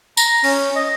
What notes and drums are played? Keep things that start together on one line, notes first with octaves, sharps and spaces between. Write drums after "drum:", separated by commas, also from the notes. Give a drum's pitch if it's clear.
A#5, drum: tambourine
C#4, drum: open hi-hat
D#5